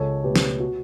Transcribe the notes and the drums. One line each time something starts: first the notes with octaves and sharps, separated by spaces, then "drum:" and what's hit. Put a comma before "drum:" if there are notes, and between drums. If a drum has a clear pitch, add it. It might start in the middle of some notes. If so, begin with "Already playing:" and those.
Already playing: C#2 A4 C#5
B2 A3 G4 B4
drum: snare
F#4